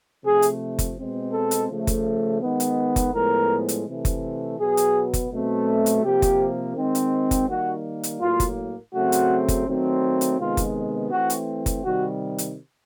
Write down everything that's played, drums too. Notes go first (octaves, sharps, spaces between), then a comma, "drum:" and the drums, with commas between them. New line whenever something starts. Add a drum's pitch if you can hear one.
C3 F3 A3 G#4
drum: hi-hat
drum: kick F#1, hi-hat
B2 G#3 C4
A4
drum: hi-hat
C#3 F3 A3
drum: kick F#1, hi-hat
D#3 G#3 B3
drum: hi-hat
drum: kick F#1, hi-hat
A2 F3 G#3 B3 A#4
drum: hi-hat
C3 E3 A3
drum: kick F#1, hi-hat
B2 F#3 B3 G#4
drum: hi-hat
drum: kick F#1, hi-hat
B2 F#3 A3 C4
drum: hi-hat
C3 F3 A#3 G4
drum: kick F#1, hi-hat
D#3 G#3 C4
drum: hi-hat
drum: kick F#1, hi-hat
D#3 G3 A#3 F#4
drum: hi-hat
A2 F#3 A#3 F4
drum: kick F#1, hi-hat
C#3 F#3 A3 C4 F#4
drum: hi-hat
drum: kick F#1, hi-hat
D#3 F#3 A3 C4
drum: hi-hat
C3 D#3 G#3 B3 F4
drum: kick F#1, hi-hat
E3 A3 C4 F#4
drum: hi-hat
drum: kick F#1, hi-hat
C3 D#3 G3 F#4
drum: hi-hat